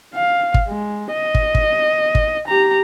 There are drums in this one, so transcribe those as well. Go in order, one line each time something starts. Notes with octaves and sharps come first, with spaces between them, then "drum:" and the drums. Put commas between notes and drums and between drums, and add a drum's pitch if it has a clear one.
F5
drum: kick
G#3
D#5
drum: kick
drum: kick
drum: kick
G4 A#5